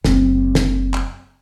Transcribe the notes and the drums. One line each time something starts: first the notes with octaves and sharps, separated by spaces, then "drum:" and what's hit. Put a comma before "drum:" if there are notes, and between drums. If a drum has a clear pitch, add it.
F#1 C4, drum: snare
drum: snare
drum: clap